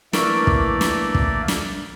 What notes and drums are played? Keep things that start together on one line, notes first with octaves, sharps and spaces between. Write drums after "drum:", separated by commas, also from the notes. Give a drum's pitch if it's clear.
E3 A3 A#3 A#4 D5 C#6 E6, drum: snare
drum: kick
drum: snare
drum: kick
drum: snare